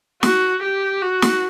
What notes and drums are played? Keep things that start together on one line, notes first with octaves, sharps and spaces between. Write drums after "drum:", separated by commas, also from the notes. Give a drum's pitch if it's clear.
F#4, drum: snare
G4
F#4
drum: snare